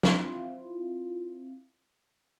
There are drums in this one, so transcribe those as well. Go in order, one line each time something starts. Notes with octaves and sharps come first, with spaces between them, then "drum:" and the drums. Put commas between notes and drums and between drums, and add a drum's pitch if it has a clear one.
C4 E4 F4, drum: snare